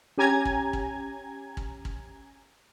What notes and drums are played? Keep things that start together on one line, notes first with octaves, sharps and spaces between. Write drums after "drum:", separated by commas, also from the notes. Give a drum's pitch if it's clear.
C#4 G4 G#5 A#5 G#6
drum: kick
drum: kick
drum: kick
drum: kick